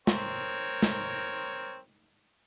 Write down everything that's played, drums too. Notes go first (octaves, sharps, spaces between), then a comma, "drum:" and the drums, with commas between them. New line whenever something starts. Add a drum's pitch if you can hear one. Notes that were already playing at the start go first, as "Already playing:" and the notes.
C4 A#4 C#5, drum: snare
drum: snare